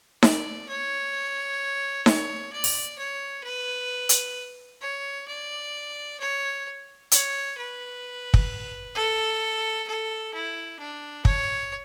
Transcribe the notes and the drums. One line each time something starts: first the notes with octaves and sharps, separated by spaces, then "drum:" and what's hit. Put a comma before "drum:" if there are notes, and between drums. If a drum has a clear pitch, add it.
D5, drum: snare D#4
C#5
C#5, drum: snare D#4
D5
drum: open hi-hat
C#5
B4
drum: hi-hat
C#5
D5
C#5
C#5, drum: hi-hat
B4
drum: kick
A4
A4
E4
D4
C#5, drum: kick